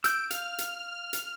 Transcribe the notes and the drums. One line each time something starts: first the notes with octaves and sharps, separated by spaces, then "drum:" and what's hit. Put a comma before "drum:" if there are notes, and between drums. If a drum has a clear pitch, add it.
E6 G6 D7, drum: hi-hat
F5 F6, drum: hi-hat
drum: hi-hat
drum: hi-hat